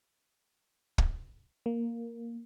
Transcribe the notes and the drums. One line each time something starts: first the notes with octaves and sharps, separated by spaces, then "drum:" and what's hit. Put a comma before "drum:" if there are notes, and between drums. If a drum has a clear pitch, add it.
drum: kick
A#3